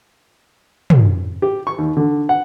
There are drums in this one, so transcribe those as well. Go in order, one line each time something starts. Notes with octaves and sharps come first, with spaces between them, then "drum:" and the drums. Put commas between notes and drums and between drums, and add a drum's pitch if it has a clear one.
drum: tom
G4
C#6
D#2
D3
F#5